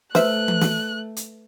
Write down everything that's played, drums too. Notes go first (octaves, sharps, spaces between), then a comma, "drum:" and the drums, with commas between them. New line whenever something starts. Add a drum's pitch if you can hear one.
A3 E4 B4 C5 E5 F#6, drum: snare
drum: tom E3
drum: snare
drum: hi-hat